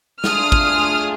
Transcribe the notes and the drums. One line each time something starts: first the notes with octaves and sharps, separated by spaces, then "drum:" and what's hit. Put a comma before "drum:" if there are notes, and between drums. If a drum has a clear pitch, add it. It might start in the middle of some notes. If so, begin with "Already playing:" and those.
A3 D4 F4 G#4 D#6 F6, drum: snare
drum: kick